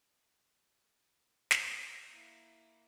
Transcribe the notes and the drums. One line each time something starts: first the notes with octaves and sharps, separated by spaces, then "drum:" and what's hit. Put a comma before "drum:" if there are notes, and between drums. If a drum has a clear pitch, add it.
D6, drum: snare
A#3 E4